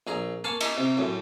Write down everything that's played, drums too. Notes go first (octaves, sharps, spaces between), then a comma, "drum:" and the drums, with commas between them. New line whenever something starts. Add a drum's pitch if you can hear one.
A#1 G#4 A#5
A#3 F5 G#5 A5 C6 C#6
D#5 E5 G#5 A#5 C6, drum: cymbal
C3
F#2 A2